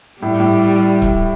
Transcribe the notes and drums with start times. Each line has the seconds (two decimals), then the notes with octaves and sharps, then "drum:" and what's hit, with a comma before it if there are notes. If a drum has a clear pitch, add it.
0.21 A2 G3
0.40 A2
1.02 drum: kick C#1